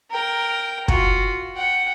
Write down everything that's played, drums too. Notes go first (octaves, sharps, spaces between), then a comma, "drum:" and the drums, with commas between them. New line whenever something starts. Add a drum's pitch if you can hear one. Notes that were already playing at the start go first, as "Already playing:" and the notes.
A#4 G5
F4 F#4, drum: kick
F#5 G5